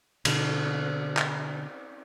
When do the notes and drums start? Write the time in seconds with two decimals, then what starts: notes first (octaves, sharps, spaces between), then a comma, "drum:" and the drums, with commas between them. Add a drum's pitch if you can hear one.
0.25 B2 D3, drum: cymbal
1.17 drum: clap